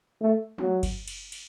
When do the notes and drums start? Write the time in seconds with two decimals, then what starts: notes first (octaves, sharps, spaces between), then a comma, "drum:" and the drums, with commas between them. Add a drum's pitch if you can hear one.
0.21 A3
0.58 F#3, drum: tom
0.83 drum: kick F#1, cymbal
1.08 drum: cymbal
1.32 drum: cymbal